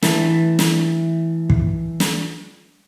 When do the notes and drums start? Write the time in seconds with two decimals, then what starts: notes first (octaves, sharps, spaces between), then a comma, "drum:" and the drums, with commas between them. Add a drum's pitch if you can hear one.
0.03 E3 A3, drum: snare
0.59 drum: snare
1.50 drum: kick
2.00 drum: snare